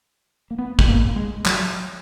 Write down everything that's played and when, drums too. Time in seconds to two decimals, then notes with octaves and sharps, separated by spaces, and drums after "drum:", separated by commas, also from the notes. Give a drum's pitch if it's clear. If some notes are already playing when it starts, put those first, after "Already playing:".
0.51 A#3
0.59 B3
0.79 G#3, drum: kick
0.88 A#3
1.16 G#3
1.46 F#3, drum: clap